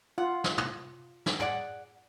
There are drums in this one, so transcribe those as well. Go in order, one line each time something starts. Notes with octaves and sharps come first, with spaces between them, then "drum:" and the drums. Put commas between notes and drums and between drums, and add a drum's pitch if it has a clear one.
F4 F#5
drum: snare
drum: tom
drum: snare
G#4 D5 F#5, drum: tom